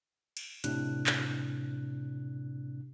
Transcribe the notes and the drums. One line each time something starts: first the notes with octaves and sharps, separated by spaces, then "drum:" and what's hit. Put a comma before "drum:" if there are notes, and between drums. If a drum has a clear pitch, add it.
drum: cymbal
A2 C3 D4 F#6, drum: hi-hat
drum: clap